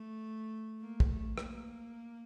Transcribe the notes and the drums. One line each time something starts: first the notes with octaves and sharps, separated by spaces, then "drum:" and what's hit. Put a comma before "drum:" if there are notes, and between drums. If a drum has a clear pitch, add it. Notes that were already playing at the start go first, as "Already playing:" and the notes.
Already playing: A3
A#3
drum: kick
A3
A#3, drum: rim click